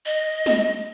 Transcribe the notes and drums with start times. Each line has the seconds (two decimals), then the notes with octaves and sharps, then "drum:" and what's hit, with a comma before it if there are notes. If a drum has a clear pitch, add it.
0.06 D#5
0.46 drum: snare